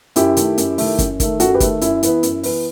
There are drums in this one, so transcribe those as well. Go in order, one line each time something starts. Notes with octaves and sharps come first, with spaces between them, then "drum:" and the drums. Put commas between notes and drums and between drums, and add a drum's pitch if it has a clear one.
F#2 E4 G4, drum: hi-hat
D#3 A3, drum: hi-hat
F#2, drum: hi-hat
D#3 A3, drum: open hi-hat
F#2, drum: kick, hi-hat
D#3 A3, drum: kick, hi-hat
F#2 F#4 A4, drum: hi-hat
G4 B4
D#3 A3, drum: kick, hi-hat
F#2 E4, drum: hi-hat
E3 B3, drum: hi-hat
F#2, drum: hi-hat
E3 B3, drum: open hi-hat